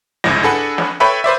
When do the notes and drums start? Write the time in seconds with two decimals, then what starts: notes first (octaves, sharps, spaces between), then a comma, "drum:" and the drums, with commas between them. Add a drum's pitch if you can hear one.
0.24 G1 C#2 G#2 E4 A#6, drum: snare
0.43 D4 G#4 A4 B4 F#5
0.78 drum: snare
1.00 A4 B4 C#5 E5 G5 B5
1.24 B4 C5 D5 E5